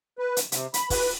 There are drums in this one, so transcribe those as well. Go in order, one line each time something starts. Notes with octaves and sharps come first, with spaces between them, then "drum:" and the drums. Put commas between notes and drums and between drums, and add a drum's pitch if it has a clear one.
B4
drum: hi-hat
C3, drum: hi-hat
B5, drum: hi-hat
B4, drum: kick, open hi-hat